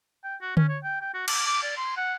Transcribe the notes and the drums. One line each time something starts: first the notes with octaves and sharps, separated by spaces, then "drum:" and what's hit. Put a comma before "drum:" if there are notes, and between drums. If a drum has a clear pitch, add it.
G5
F#4
C#4, drum: tom D3
C#5
G5
G5
F#4
D6, drum: cymbal
D6
D5
C6
F#5